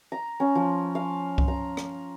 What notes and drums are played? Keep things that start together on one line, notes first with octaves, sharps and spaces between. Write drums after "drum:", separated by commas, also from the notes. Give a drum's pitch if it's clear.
A#5
C#4
F3
F5
drum: kick C2
A#5
drum: rim click